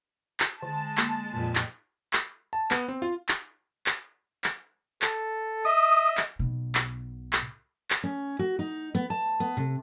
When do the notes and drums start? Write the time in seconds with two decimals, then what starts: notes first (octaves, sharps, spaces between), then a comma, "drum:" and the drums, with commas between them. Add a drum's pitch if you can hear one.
0.40 drum: clap
0.62 D3 G#3 A5
0.97 A#3, drum: clap
1.31 F2 A#2
1.55 drum: clap
2.13 drum: clap
2.53 A5
2.71 B3, drum: clap
2.88 C4
3.02 F4
3.29 drum: clap
3.86 drum: clap
4.44 drum: clap
5.02 A4, drum: clap
5.65 D#5 E5 D#6
6.17 drum: clap
6.39 B1 B2
6.75 drum: clap
7.33 drum: clap
7.90 drum: clap
8.04 C#4
8.39 F#4
8.59 D#4
8.95 B3
9.10 A5
9.40 B3
9.57 C3